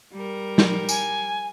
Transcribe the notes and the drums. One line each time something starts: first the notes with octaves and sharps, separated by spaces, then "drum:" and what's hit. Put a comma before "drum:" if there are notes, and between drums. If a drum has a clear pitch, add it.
G3 A#4
drum: snare
G#5, drum: tambourine